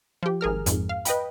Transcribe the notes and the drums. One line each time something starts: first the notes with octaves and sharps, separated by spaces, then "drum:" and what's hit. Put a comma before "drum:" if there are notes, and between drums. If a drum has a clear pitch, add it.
F3 G4
G#1 G#4 A#4 F6
F2 G#2, drum: hi-hat
F5
B4 D#5 G5 B5, drum: hi-hat